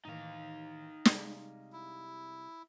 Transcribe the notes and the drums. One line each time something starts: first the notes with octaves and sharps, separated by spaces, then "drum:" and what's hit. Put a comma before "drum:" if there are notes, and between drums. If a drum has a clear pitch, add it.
A2 D#3 E3 D#4 F5
C3 G3 G#3, drum: snare
E4